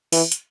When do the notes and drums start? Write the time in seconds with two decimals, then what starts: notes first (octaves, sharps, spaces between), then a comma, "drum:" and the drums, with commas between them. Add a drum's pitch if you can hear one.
0.13 E3, drum: open hi-hat
0.32 drum: hi-hat